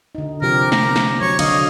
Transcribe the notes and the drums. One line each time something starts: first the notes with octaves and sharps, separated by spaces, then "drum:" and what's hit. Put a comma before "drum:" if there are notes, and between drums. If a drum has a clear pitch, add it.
D3 D#4
C3 F3 G4 A#4
A#5, drum: snare
drum: snare
F#3 C#5
D3 D4 D#5 F5, drum: cymbal